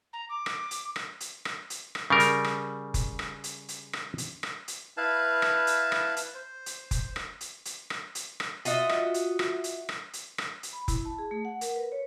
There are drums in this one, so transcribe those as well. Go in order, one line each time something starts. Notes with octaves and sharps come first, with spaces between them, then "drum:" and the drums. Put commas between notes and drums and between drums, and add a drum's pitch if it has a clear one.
A#5
D6
drum: rim click
drum: hi-hat
drum: rim click
drum: hi-hat
drum: rim click
drum: hi-hat
drum: rim click
C#3 G3 A#4
drum: hi-hat
drum: rim click
drum: kick F1, hi-hat
drum: rim click
drum: hi-hat
drum: hi-hat
drum: rim click
drum: hi-hat
drum: rim click
drum: hi-hat
E4 B4 F5 A5
drum: rim click
drum: hi-hat
drum: rim click
drum: hi-hat
C5
drum: hi-hat
drum: kick F1, hi-hat
drum: rim click
drum: hi-hat
drum: hi-hat
drum: rim click
drum: hi-hat
drum: rim click
F4 F#4 D#5 E5, drum: hi-hat
drum: rim click
drum: hi-hat
drum: rim click
drum: hi-hat
drum: rim click
drum: hi-hat
drum: rim click
drum: hi-hat
B5
E4, drum: kick F1, hi-hat
A5
G#4
A3
F#5
A#4, drum: hi-hat
B4
C#5